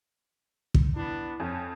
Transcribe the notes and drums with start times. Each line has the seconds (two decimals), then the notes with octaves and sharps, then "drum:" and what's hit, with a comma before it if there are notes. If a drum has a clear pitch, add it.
0.74 drum: kick
0.96 B3 D4 E4
1.40 F2 C#4